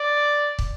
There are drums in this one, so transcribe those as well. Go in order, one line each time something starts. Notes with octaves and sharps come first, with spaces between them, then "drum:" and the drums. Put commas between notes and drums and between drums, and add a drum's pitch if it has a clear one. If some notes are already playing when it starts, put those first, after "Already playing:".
Already playing: D5
drum: kick